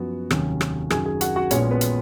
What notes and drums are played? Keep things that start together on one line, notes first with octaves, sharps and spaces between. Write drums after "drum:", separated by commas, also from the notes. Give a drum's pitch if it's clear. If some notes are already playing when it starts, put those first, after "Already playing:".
Already playing: F#2 F3 B3 F#4
F1 D#2 D#3 F#3 C#4, drum: rim click
drum: rim click
F#2 D#3 F#3 G#4 G#5, drum: rim click
G#4 G#5
F#4 F#5, drum: hi-hat
F#4 F#5
A#1 A#2 G#3 B3 C#4 C#5, drum: hi-hat
B3 B4
drum: hi-hat